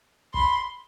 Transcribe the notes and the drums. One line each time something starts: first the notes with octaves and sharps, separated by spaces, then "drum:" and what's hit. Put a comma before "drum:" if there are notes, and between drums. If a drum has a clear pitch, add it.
B5 C6, drum: kick